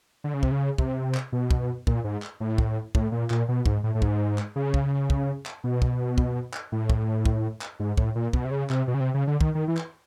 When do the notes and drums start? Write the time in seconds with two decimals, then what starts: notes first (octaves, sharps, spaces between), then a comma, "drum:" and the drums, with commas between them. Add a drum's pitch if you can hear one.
0.24 D3
0.34 C#3
0.43 C3, drum: kick
0.52 C#3
0.78 C3, drum: kick
1.15 drum: clap
1.32 B2
1.51 drum: kick
1.87 A#2, drum: kick
2.04 G#2
2.22 drum: clap
2.40 A2
2.58 drum: kick
2.95 A2, drum: kick
3.12 A#2
3.30 A#2, drum: clap
3.48 B2
3.66 G#2, drum: kick
3.84 A2
3.95 A2
4.02 G#2, drum: kick
4.38 drum: clap
4.56 C#3
4.74 drum: kick
5.10 drum: kick
5.46 drum: clap
5.64 B2
5.82 drum: kick
6.18 drum: kick
6.54 drum: clap
6.72 A2
6.90 drum: kick
7.25 drum: kick
7.61 drum: clap
7.80 G#2
7.98 A2, drum: kick
8.15 A#2
8.33 B2, drum: kick
8.45 C3
8.51 C#3
8.70 C3, drum: clap
8.88 B2
8.94 C#3
9.00 C3
9.14 C#3
9.27 D3
9.41 D#3, drum: kick
9.55 D#3
9.68 E3
9.77 drum: clap